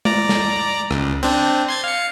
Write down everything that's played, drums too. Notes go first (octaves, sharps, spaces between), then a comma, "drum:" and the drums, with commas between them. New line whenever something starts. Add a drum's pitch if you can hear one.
D5 A#5, drum: tom G#3
drum: snare
C#2, drum: rim click
C4 D4, drum: cymbal
C6 G#6 A6
F5 C#7